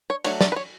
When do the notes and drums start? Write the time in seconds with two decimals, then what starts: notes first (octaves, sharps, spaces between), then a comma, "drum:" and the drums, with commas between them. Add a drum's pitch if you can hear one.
0.10 C#5
0.24 F#3 A3 D4 C#5, drum: cymbal
0.41 D5, drum: snare
0.52 B4
0.56 C#5